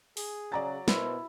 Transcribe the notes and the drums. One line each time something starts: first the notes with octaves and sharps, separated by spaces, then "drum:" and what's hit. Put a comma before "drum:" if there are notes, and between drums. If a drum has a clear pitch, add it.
G#4, drum: open hi-hat
C#3 F#3 D5 A#5 A6
B2 E4 A#4 C5, drum: snare